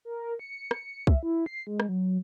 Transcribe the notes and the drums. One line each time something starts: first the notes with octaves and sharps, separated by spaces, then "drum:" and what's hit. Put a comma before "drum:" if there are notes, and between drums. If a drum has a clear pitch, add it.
A#4
C#7
drum: rim click
E5, drum: kick
E4
C7
G#3
drum: rim click
F#3